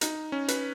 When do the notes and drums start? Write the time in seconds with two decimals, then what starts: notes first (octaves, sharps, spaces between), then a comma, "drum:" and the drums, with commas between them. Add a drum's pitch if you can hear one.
0.01 D#4, drum: hi-hat
0.32 C#4
0.48 B4, drum: hi-hat